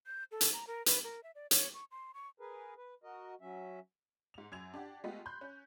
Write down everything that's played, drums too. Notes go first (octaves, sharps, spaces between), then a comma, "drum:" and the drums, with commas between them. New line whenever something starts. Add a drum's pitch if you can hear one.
G6
A4
drum: hi-hat
A#5
A#4
B4, drum: hi-hat
A#4
E5
D5
C#5, drum: hi-hat
C#6
C6
C#6
G#4 A#4 B4
B4
F#4 A#4 D#5
F#3 C#4 E5
G#2 F7
F#2 G#6 F7
D4 G4 D5 F#5
G#3 A3 B3 F4 G4
B5 C6 F#6 G6
C#4